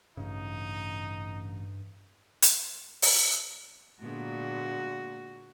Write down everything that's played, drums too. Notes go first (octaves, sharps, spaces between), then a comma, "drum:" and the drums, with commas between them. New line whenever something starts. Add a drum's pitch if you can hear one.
A1 G2 C#3 D#4
drum: hi-hat
drum: open hi-hat
A#2 D3 G#3 B3 F#4